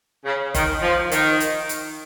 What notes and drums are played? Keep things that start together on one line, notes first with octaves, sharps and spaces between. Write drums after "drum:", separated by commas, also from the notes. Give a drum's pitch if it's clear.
C#3
D#3, drum: kick G1, hi-hat
F3
D#3, drum: hi-hat
drum: hi-hat
drum: hi-hat